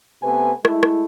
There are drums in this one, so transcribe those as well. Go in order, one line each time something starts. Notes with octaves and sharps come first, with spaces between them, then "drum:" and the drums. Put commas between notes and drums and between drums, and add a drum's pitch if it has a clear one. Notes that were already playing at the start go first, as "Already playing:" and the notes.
C3 A3 B3 B4 G#5
G#3 A3 E4, drum: rim click
drum: rim click